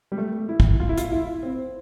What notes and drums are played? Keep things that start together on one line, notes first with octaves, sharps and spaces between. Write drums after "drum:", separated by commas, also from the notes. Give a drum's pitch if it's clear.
G3
A3
E4
drum: kick
F4
E4
F4, drum: hi-hat
E4
C4